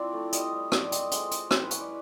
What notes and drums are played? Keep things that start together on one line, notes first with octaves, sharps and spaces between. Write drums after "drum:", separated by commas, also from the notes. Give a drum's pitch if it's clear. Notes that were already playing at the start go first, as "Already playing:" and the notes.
Already playing: F3 C4 D4 E4 D5
A3
G3 D#5, drum: hi-hat
G3
F4 D5, drum: rim click
C4 D#5, drum: hi-hat
G#3 C5, drum: hi-hat
G#3, drum: hi-hat
E4 A#4, drum: rim click
B4
C#4 C#5, drum: hi-hat
D5